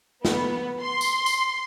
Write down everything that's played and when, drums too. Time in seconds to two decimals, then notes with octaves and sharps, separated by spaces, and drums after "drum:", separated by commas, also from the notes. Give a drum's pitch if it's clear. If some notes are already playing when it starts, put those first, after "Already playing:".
0.25 B3, drum: snare
0.82 C6
1.01 drum: tambourine
1.26 drum: tambourine